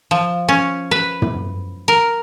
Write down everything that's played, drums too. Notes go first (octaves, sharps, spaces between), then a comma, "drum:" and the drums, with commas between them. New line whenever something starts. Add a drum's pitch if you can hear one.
F3
C#4
B4
drum: tom
A#4